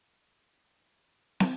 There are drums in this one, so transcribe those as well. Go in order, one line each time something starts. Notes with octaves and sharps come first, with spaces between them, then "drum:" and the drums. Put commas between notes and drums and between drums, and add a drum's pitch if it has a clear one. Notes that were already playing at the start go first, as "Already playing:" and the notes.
Already playing: G#4
F#5
A#5
B5
C#5
E5
drum: snare